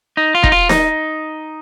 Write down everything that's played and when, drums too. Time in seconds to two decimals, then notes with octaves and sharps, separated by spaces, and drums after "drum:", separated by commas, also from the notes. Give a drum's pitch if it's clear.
0.17 D#4
0.35 F4
0.44 D#4, drum: kick
0.52 F4
0.69 D#4, drum: snare D#4